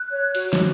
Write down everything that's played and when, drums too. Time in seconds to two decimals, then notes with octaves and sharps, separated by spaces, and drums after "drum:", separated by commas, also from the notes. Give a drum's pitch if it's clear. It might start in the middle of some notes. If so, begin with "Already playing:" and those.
Already playing: F#6
0.10 C#5
0.35 F#4, drum: cymbal
0.53 drum: snare